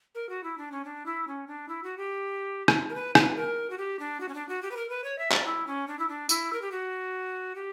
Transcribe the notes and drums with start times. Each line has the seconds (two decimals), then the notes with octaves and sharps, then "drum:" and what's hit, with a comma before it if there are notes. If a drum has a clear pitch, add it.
0.15 A#4
0.29 F#4
0.44 E4
0.58 D4
0.72 C#4
0.85 D4
1.06 E4
1.27 C#4
1.47 D4
1.68 E4
1.83 F#4
1.97 G4
2.68 drum: rim click
2.89 A#4
2.95 B4
3.15 B4, drum: rim click
3.36 A#4
3.70 F#4
3.78 G4
3.99 D4
4.20 F#4
4.29 C#4
4.34 D4
4.49 F#4
4.62 G4
4.71 B4
4.77 A#4
4.90 B4
5.04 C#5
5.18 E5
5.32 D5, drum: clap
5.45 E4
5.67 C#4
5.87 D4
5.99 E4
6.09 D4
6.29 E4, drum: tambourine
6.53 A#4
6.62 G4
6.72 F#4
7.55 G4